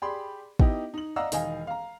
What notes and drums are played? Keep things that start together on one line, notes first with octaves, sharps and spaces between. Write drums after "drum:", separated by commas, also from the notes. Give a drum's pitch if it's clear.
G4 G#4 D5 B5 C6
B3 D#4 E4 G4 D#5, drum: kick
D#4 F#7
D5 D#5 F5 F#5 A#5 E6
E1 D#3 D#5 F5 G#5, drum: open hi-hat
F5 A#5